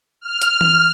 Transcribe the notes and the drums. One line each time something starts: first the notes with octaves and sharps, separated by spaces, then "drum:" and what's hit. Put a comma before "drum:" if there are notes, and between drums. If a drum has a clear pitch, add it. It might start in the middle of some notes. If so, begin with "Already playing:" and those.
F6
drum: hi-hat
drum: tom E3